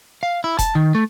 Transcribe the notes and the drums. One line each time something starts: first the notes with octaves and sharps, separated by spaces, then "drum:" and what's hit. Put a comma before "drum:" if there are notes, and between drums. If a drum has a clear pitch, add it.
F5
E4
A5, drum: kick F1, hi-hat
D#3
A3